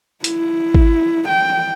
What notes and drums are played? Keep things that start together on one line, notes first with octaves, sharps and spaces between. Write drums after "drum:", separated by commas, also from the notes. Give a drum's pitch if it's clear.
E4, drum: hi-hat
drum: kick G#1
G5